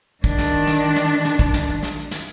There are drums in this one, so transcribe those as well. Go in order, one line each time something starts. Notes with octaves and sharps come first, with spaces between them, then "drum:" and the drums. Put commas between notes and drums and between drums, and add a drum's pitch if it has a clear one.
D#3 D4, drum: kick
drum: snare
drum: snare
drum: snare
drum: snare
drum: kick
drum: snare
drum: snare
drum: snare